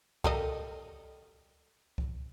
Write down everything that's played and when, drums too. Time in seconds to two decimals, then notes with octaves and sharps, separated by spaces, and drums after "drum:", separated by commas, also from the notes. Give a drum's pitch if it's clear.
0.24 G3 A4 A#4 D#5 F5, drum: kick C2
1.98 drum: kick C2